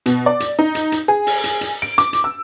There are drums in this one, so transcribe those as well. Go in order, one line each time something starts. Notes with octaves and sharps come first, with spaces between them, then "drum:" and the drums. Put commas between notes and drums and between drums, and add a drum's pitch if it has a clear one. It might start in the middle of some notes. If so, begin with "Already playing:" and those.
B2, drum: hi-hat
D5
drum: hi-hat
D#4
drum: hi-hat
drum: hi-hat
G#4
drum: open hi-hat
drum: hi-hat
drum: hi-hat
D7
D6, drum: hi-hat
drum: hi-hat
E6